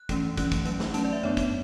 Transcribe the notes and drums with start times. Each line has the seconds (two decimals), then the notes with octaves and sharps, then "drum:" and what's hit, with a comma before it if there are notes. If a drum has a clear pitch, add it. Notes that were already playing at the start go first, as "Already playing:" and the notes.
Already playing: F#6
0.09 E3 A3 C#4, drum: kick, hi-hat
0.37 E3 A3 C#4 F#6, drum: kick, hi-hat
0.52 drum: kick, hi-hat
0.65 F#3 A3 C#4, drum: hi-hat
0.80 drum: snare
0.94 F#3 A3 C#4 A5, drum: hi-hat
1.04 D5
1.13 E5
1.23 F#3 B3 D4 C#5, drum: tom
1.37 drum: kick, hi-hat